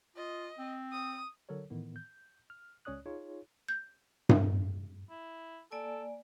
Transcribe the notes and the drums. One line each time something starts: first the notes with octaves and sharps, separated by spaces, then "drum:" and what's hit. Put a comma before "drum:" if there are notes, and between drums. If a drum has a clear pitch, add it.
F4 D#5
C4
D#6
D3 F#3 A4 A#4 C#5
A2 D#3 E3 B3
G6
F6
C#2 C#4 C#5 D5 D#6 F#6
D#4 F4 G#4 C#5
G6
drum: tom G2
E4
A#3 A4 D5 G#5